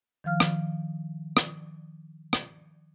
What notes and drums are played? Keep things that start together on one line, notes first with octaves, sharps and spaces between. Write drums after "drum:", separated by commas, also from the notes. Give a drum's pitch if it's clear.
D#3 F3 F5 F6
drum: rim click
drum: rim click
drum: rim click